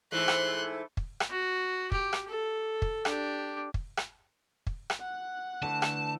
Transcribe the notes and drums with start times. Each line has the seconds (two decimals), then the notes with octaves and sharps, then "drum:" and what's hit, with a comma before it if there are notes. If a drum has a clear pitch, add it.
0.12 G#2 E3 A3 C6 F#6
0.28 drum: rim click
0.97 drum: kick
1.20 drum: rim click
1.30 F#4
1.92 G4, drum: kick
2.13 drum: rim click
2.28 A4
2.82 drum: kick
3.05 D4 G4, drum: rim click
3.74 drum: kick
3.97 drum: rim click
4.67 drum: kick
4.90 drum: rim click
5.00 F#5 F#6
5.63 D3 E3 A3 A5
5.82 drum: rim click